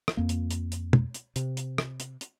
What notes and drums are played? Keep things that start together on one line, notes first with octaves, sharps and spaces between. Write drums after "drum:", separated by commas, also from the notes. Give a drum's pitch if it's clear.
drum: rim click
F2 A#3
drum: hi-hat
drum: hi-hat
drum: hi-hat
drum: tom
drum: hi-hat
C3, drum: hi-hat
drum: hi-hat
drum: rim click
drum: hi-hat
drum: hi-hat